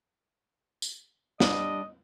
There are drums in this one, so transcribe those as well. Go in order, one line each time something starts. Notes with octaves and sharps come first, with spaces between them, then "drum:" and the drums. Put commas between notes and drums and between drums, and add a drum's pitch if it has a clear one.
drum: tambourine
G3 D4 D#5, drum: snare